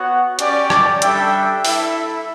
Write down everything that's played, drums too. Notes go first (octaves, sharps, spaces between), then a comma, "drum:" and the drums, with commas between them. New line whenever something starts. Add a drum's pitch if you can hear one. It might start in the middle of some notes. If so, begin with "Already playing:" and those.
Already playing: B3 F#4 C#5 F#5
C#4 G4 D5, drum: hi-hat
drum: rim click
G3 D4 A4 E5 G5, drum: hi-hat
E4 A4 E5, drum: open hi-hat